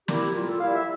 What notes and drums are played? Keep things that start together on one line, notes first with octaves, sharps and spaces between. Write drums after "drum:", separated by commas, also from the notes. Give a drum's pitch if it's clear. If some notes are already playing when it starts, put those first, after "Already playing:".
G3 A#3 E4 G4, drum: snare
A#2 F4
A4
G3 A#3 E4 F5
E5